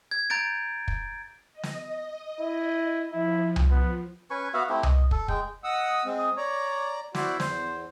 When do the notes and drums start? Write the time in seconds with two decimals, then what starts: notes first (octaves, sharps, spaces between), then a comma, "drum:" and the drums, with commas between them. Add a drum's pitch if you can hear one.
0.11 G#6
0.30 A#5 G6 A6 D7
0.88 drum: kick
1.53 D#5
1.63 drum: snare
2.40 E4
3.13 F3 E4
3.56 drum: tom C2
3.71 B3
4.30 C#4 B4 G#5 C#6
4.54 B3 F#4 E5 F5
4.69 A3 C4 E4 G4
4.83 D#5, drum: tom C2
5.11 A4, drum: kick
5.28 G#3 G5, drum: kick
5.64 D#5 F#5 D#6 E6
6.05 G#3 C4
6.19 D#6
6.37 C#5 D5 A#5
7.15 E4 F#4 C5 D5, drum: snare
7.40 E2 C5, drum: snare